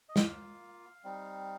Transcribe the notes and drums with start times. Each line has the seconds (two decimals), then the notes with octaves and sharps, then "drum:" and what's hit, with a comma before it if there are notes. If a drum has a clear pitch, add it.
0.09 D#5
0.16 A#3 F4 F5, drum: snare
1.04 G3 C4 D#4